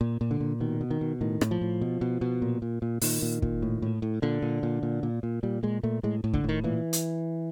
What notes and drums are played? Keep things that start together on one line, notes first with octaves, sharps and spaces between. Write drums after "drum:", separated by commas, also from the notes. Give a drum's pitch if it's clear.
A#2
A#2
D3
A#2
B2 D#3
B2
D#3
B2
A2 D#3
A2, drum: rim click
F3
A2
B2
B2
B2
A#2
A#2
A#2
A#2 D#3, drum: open hi-hat
A#2
A#2, drum: kick
A2
A2
A2
A#2 D3
A#2
A#2
A#2
A#2
A#2
A#2 G3
A#2 G#3
A#2 A3
A2 G#3
A2
D3, drum: kick
A2 D#3
A#2 E3
drum: hi-hat